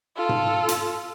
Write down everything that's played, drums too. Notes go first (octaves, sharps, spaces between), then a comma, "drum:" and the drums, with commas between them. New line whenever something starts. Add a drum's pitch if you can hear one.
F4 A4
drum: tom G#2
drum: hi-hat